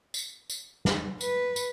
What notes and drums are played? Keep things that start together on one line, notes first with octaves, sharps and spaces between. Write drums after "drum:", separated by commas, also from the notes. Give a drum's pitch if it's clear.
drum: tambourine
drum: tambourine
drum: snare
B4, drum: tambourine
drum: tambourine